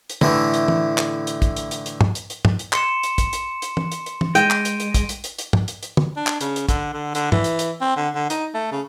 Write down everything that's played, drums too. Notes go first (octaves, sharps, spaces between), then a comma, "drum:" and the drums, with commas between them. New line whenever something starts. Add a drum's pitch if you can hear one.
drum: hi-hat
A2 D3 E3 A3, drum: tom
drum: hi-hat
drum: tom
drum: clap
drum: hi-hat
drum: kick, hi-hat
drum: hi-hat
drum: hi-hat
drum: hi-hat
drum: tom
drum: hi-hat
drum: hi-hat
drum: tom
drum: hi-hat
C6 C#7 E7, drum: clap
drum: hi-hat
drum: kick, hi-hat
drum: hi-hat
drum: hi-hat
drum: tom
drum: hi-hat
drum: hi-hat
drum: tom
G#3 G5 D7 D#7, drum: hi-hat
drum: clap
drum: hi-hat
drum: hi-hat
drum: kick, hi-hat
drum: hi-hat
drum: hi-hat
drum: hi-hat
drum: tom
drum: hi-hat
drum: hi-hat
drum: tom
D4
drum: clap
C#3, drum: hi-hat
drum: hi-hat
D3, drum: kick, hi-hat
D3
D3, drum: hi-hat
E3, drum: tom
drum: hi-hat
drum: hi-hat
C4
D3
D3
D#4, drum: hi-hat
A3
C#3